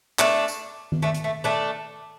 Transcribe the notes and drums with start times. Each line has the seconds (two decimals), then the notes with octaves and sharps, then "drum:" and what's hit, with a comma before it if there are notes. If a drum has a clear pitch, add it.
0.19 A3 D4, drum: clap
0.48 drum: tambourine
0.92 drum: tom D#3
1.02 A3 D4
1.14 drum: hi-hat
1.24 A3
1.44 A3 D4